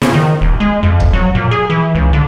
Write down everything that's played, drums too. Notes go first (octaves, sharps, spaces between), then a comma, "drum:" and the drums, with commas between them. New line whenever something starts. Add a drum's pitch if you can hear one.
C#3, drum: snare
D#3
D#1
G#3
F2
drum: kick
F#3
A#2
G#4
E3
C#2
D3